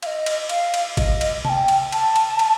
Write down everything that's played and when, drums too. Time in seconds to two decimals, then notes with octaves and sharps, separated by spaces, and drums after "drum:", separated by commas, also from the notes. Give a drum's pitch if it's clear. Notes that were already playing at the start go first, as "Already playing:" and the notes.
0.03 F5, drum: cymbal
0.06 D#5
0.26 drum: cymbal
0.49 F5, drum: cymbal
0.74 drum: cymbal
0.97 D#5, drum: kick G1, cymbal
1.21 drum: cymbal
1.45 A5, drum: tom C3
1.49 G5
1.68 drum: cymbal
1.92 A5, drum: cymbal
2.16 drum: cymbal
2.39 drum: cymbal